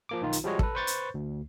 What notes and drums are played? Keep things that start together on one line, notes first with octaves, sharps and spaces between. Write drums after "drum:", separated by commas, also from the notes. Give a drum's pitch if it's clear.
F3 A#3 D6
B1 D#3 D#4 F4
drum: hi-hat
F3 G3 G#3 F#4 C#5 D#5
A4 B4, drum: kick
B4 C5 C#6 G6 A6
drum: hi-hat
D2